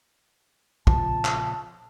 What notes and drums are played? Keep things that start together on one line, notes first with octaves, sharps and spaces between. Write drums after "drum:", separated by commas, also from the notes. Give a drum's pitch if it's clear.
A#2 C#3 F3 A5, drum: kick
drum: clap